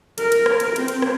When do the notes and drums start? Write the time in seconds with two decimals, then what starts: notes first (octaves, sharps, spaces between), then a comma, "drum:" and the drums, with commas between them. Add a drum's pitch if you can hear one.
0.18 A#4, drum: cymbal
0.32 drum: cymbal
0.46 drum: rim click
0.60 drum: cymbal
0.76 C4, drum: cymbal
0.88 drum: cymbal
1.02 drum: rim click